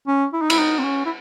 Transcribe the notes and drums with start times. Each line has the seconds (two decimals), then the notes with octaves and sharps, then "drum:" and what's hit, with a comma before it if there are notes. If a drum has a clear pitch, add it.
0.07 C#4
0.33 E4
0.42 D#4
0.50 E4, drum: cymbal
0.59 D#4
0.79 C4
0.84 C#4
1.05 E4